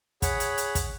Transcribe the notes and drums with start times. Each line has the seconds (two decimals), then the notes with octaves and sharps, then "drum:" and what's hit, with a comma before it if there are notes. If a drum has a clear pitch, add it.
0.22 G#4 C#5 F#5 B5, drum: kick, hi-hat
0.40 drum: hi-hat
0.58 drum: hi-hat
0.75 drum: kick, hi-hat